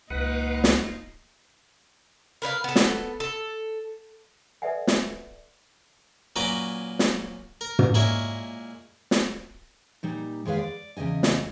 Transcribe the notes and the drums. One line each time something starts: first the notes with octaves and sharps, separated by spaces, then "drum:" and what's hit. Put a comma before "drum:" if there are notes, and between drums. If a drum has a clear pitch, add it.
C#2 A#2 D#4 F4 B4 F#5
drum: snare
A#4 B4 C#5 F5
B3 A4
drum: snare
A4
A4 B4 D5 E5 F#5 G#5
drum: snare
A#2 F#3 C#4 B4 A#5 D6
drum: snare
A#4
drum: tom
A#2 G#3 E4 A#4 C#5
drum: snare
A#2 G3 D#4
D#2 G#3 G#4 B4 F5
D5
E2 C#3 G#3 D#5 G#5
drum: snare